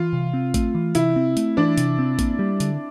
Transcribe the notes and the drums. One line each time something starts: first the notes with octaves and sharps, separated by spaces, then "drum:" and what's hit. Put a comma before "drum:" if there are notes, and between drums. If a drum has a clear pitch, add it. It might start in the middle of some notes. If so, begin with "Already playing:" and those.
Already playing: E3 F4
C3
C4
A3, drum: kick, hi-hat
E3
C3 E4, drum: hi-hat
C4
A3, drum: hi-hat
E3 D4
C3, drum: hi-hat
C4
A#3, drum: kick, hi-hat
G3
D3, drum: hi-hat